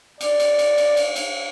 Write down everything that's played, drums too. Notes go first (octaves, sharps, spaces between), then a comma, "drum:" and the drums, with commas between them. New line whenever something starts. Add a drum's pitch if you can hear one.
D5, drum: cymbal
drum: cymbal
drum: cymbal
drum: cymbal
drum: cymbal
drum: cymbal